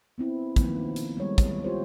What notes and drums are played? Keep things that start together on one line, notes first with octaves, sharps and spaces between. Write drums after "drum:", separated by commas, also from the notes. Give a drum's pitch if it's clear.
B3 C4 E4
D#3 F3 A#3 B3, drum: kick, hi-hat
drum: hi-hat
G3 G#3 C#5
drum: kick, hi-hat
F4 G4 C5 C#5